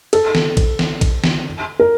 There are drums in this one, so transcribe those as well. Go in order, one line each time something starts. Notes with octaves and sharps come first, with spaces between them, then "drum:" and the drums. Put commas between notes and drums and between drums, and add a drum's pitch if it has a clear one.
A4, drum: cymbal
drum: snare
drum: kick, cymbal
drum: snare
drum: kick, cymbal
drum: snare
A#4